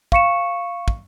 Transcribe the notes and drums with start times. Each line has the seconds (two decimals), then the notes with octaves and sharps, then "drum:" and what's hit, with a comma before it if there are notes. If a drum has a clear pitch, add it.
0.12 F5 C#6 C#7 E7, drum: kick
0.88 drum: kick